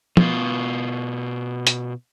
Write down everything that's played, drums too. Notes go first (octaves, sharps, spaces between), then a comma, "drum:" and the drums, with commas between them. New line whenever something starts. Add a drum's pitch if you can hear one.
B2 F4, drum: tom
drum: hi-hat